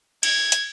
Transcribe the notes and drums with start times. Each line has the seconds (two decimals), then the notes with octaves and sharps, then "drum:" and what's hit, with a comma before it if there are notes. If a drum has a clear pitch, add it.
0.23 G#6, drum: cymbal
0.52 drum: hi-hat